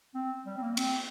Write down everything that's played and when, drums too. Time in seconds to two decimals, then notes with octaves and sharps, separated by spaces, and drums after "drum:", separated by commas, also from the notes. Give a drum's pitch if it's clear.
0.15 C4
0.46 G3
0.57 C4
0.62 A#3
0.73 A#3
0.77 C4, drum: cymbal